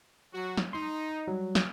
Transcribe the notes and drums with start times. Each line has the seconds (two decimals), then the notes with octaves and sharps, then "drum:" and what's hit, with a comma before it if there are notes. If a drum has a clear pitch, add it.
0.33 F#3 F#4
0.57 drum: snare
0.73 D#4 C6
1.28 F#3 G3
1.55 drum: snare